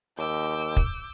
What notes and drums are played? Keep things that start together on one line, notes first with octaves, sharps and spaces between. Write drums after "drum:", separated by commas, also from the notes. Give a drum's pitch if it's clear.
D#2 D6 E6 G6
drum: kick